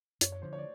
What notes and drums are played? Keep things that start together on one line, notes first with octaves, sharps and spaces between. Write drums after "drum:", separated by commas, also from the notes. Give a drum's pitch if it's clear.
F#2 C#5, drum: hi-hat
C#5
D3 F3 C5
C#5
D5